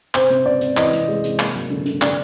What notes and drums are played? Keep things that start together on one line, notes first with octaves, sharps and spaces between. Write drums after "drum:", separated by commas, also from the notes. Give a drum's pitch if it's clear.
C3 C5, drum: clap
C3, drum: hi-hat
C3 D5
C3, drum: hi-hat
E3 D#5, drum: clap
C3, drum: hi-hat
G#3
C3, drum: hi-hat
A#3, drum: clap
F#3, drum: hi-hat
D3
D3, drum: hi-hat
D3 D5, drum: clap